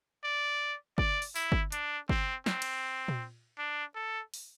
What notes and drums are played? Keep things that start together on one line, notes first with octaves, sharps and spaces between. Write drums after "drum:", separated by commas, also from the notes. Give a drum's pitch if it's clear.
D5
D5, drum: kick G1
drum: open hi-hat
E4, drum: tambourine
drum: kick G1
D4, drum: hi-hat
C4, drum: kick G1
C4, drum: snare
drum: cymbal
drum: tom A#2
D4
A4
drum: open hi-hat